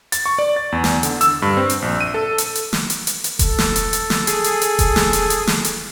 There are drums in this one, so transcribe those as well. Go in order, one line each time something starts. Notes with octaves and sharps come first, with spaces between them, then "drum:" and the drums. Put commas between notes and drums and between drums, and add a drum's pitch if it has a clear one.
A6, drum: hi-hat
C#6
D5
A6
E2
drum: snare
D3, drum: hi-hat
E6, drum: hi-hat
G2
C4
drum: hi-hat
A#1
D#7
A4
drum: hi-hat
drum: hi-hat
drum: snare
drum: hi-hat
drum: hi-hat
drum: hi-hat
A4, drum: kick E1, hi-hat
drum: snare
drum: hi-hat
drum: hi-hat
drum: snare
G#4, drum: hi-hat
drum: hi-hat
drum: hi-hat
drum: kick E1, hi-hat
drum: snare
drum: hi-hat
drum: hi-hat
drum: snare
drum: hi-hat